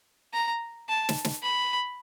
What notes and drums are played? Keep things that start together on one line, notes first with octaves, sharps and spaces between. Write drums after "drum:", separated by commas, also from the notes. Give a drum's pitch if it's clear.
A#5
A5
drum: snare
drum: snare
B5